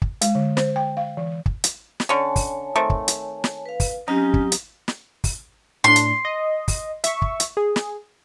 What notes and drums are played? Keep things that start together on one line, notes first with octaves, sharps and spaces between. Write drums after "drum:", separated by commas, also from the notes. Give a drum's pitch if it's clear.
drum: kick
G#3, drum: hi-hat
D3
C5, drum: snare
G5
F5
E3
drum: kick
drum: hi-hat
drum: snare
D3 C#4 C#5 G#5 A5
drum: kick, open hi-hat
D#3 A3 C4
drum: kick
drum: hi-hat
drum: snare
B4 F5
drum: kick, open hi-hat
F#3 C4 C#4 D#4 G4
drum: kick
drum: hi-hat
drum: snare
drum: kick, open hi-hat
A2 D4 C6
drum: hi-hat
D#5
drum: kick, open hi-hat
E5 C#6, drum: hi-hat
drum: kick
drum: hi-hat
G#4
drum: snare